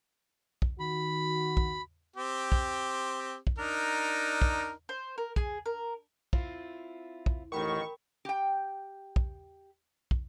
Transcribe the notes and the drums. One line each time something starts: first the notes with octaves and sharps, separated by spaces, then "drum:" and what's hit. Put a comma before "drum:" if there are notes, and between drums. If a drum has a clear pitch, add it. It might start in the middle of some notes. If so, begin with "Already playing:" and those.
drum: kick
D#3 F#4 B5
drum: kick
C4 G4
drum: kick
drum: kick
D4 D#4 A#4
drum: kick
C5
A#4
G#4, drum: kick
A#4
C4 E4 F4, drum: kick
drum: kick
A1 F2 D#3 A#4 F#5 G5 B5 C#6
G4 G5
drum: kick
drum: kick